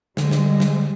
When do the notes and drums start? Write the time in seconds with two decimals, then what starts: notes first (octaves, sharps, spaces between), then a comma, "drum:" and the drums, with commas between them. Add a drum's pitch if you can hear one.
0.17 D3 G3 G#3, drum: snare
0.31 drum: snare
0.60 drum: snare